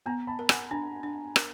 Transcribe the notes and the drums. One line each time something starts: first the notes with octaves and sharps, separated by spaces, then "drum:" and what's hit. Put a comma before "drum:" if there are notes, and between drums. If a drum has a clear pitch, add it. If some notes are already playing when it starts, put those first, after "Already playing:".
B3 G#5 A#5
A5 B5
A#4
F#5 G#5, drum: rim click
D4 G#5 A#5
D4
A#4, drum: rim click